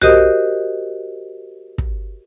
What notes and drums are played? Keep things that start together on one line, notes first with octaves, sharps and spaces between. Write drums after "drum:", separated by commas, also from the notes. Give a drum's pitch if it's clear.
F#4 G4 A#4 C5 D#5 D#6, drum: tom B1
drum: kick